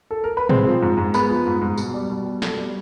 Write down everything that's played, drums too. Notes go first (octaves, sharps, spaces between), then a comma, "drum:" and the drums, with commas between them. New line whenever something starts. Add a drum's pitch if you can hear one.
A4
A#4
B4
G#3 C4 C5, drum: tom
F3
G#2
G#2
G#3 B3 B4, drum: tambourine
F3
G#2
G#2
B2, drum: tambourine
G3
B2
G3
B2 A3 A4, drum: snare
G3